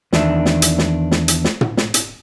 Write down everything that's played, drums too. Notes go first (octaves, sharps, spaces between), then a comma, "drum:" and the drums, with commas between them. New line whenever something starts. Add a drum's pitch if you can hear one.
E2 D#3 D4 E5, drum: snare
drum: snare
drum: hi-hat
drum: snare
drum: snare
drum: hi-hat
drum: snare
drum: tom
drum: snare
drum: hi-hat